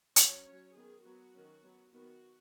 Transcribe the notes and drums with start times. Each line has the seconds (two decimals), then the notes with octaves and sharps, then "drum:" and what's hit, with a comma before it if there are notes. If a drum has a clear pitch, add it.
0.16 F#3 C#4 C#5, drum: hi-hat
0.45 F#3 C#4 C#5
0.75 D#3 B3 G#4
1.04 F#3 B3 F#4
1.33 D#3 F#3 C#4
1.62 F#3 B3
1.92 D#3 B3 F#4